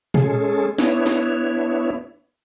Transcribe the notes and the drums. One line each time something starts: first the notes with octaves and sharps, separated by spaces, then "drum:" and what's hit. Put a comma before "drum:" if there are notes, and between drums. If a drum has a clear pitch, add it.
G#3 C#4 G#4 A4, drum: tom A#2
B3 D4 E4 C#5, drum: snare
drum: snare